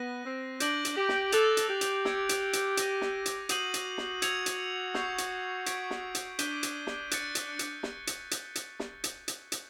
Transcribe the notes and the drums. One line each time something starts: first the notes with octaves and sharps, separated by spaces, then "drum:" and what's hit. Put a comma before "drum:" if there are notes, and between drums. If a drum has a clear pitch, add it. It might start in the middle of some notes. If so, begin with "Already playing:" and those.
Already playing: B3 F#6 A#6 D#7
C4
D4 G6 A#6 D7 F#7, drum: hi-hat
drum: hi-hat
G4
drum: snare
A4 D6 F#6 A6 C7 F7, drum: hi-hat
drum: hi-hat
G4
drum: hi-hat
E6 G#6 C#7, drum: snare
drum: hi-hat
drum: hi-hat
F#6 A#6 D#7, drum: hi-hat
drum: snare
drum: hi-hat
F#4 D#6 G6 C7 D#7 F#7, drum: hi-hat
drum: hi-hat
drum: snare
E6 G#6 C#7 F7, drum: hi-hat
drum: hi-hat
C#6 E6 G6 C7 F7, drum: snare
drum: hi-hat
G#6 B6 D7, drum: hi-hat
drum: snare
drum: hi-hat
D4 G6 B6 D#7 G7, drum: hi-hat
drum: hi-hat
drum: snare
F#6 A6 C#7, drum: hi-hat
drum: hi-hat
drum: hi-hat
drum: snare
drum: hi-hat
drum: hi-hat
drum: hi-hat
drum: snare
drum: hi-hat
drum: hi-hat
drum: hi-hat